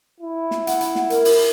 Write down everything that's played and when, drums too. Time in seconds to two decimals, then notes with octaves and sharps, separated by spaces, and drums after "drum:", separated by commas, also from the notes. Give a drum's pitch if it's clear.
0.20 E4
0.51 drum: snare
0.67 F#5, drum: hi-hat
0.81 drum: hi-hat
0.95 drum: snare
1.10 A#4, drum: hi-hat
1.25 drum: open hi-hat